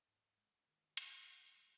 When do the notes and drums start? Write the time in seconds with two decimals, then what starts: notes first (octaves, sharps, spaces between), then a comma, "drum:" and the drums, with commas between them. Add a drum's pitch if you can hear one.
0.08 G#2
0.38 G#3
0.68 D#3
0.97 G#2, drum: hi-hat
1.27 G#2
1.57 G#3